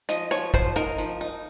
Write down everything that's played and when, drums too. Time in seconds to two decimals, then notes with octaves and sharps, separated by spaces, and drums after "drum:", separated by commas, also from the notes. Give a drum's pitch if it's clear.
0.09 F3 D#5, drum: hi-hat
0.31 F3 C#5, drum: hi-hat
0.54 F3 C5, drum: kick
0.76 D#4 A#4, drum: hi-hat
0.98 F3
1.21 D#4